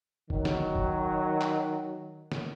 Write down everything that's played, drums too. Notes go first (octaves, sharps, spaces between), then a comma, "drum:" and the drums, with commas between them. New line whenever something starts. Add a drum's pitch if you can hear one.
D#3 F#3, drum: kick F1
drum: snare
drum: kick F1
drum: clap
drum: snare